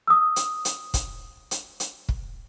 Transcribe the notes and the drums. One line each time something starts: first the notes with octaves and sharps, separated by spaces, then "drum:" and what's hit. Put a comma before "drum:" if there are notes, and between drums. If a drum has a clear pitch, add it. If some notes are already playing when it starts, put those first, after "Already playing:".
D#6 E6
drum: hi-hat
drum: hi-hat
drum: kick, hi-hat
drum: hi-hat
drum: hi-hat
drum: kick